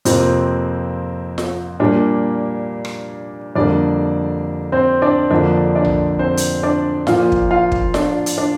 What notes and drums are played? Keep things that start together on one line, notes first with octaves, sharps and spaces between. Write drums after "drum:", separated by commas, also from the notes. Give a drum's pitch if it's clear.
F2 C3 F3 A#3 C4, drum: hi-hat
drum: snare F4
A#2 G3 A#3 D4
drum: rim click
F2 D3 G3 A#3 D4 D5
C4 C5
D4 D5
F2 D3 F3 A#3 D4 D5
D4 D5
drum: tom A#1
C4 C5
drum: hi-hat
D4 D5
A#2 F3 A#3 F4 F5, drum: snare F4
drum: kick
F4 F5
drum: kick
D4 D5, drum: snare F4
drum: hi-hat
D4